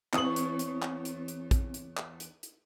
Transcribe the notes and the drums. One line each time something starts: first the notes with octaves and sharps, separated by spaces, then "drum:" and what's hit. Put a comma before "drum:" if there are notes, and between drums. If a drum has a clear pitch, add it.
E2 E3 C4 C#5 D#6 F#7, drum: clap
drum: hi-hat
drum: hi-hat
drum: clap
drum: hi-hat
drum: hi-hat
drum: kick, hi-hat
drum: hi-hat
drum: clap
drum: hi-hat
drum: hi-hat